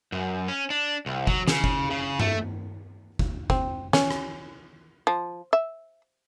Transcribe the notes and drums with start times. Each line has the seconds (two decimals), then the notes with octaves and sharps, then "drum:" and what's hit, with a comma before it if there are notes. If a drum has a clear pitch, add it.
0.12 F#2
0.48 C#4
0.70 D4
1.06 C2
1.27 F#3, drum: kick F#1
1.48 C#3, drum: snare
1.64 drum: kick F#1
1.90 C#3
2.20 A3, drum: tom G2
3.19 drum: kick F#1
3.50 C4, drum: kick F#1
3.93 C#4, drum: snare
4.11 drum: rim click
5.07 F3
5.53 E5